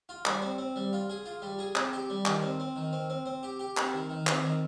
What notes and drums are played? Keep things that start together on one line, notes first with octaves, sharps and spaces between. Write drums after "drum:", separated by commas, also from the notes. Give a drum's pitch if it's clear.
F4
G3, drum: clap
C4
C4
G3
F4
G#4
F4
G3
G#4
C4, drum: clap
G4
G3
D#3, drum: clap
C4
C4
D#3
C4
C4
C4
G4
G4
C4, drum: clap
D#3
D#3
C4, drum: clap
D#3